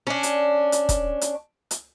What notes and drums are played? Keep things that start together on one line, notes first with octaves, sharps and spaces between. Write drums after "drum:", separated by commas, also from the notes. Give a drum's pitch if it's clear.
C#4 D4
drum: hi-hat
drum: hi-hat
drum: kick, hi-hat
drum: hi-hat
drum: hi-hat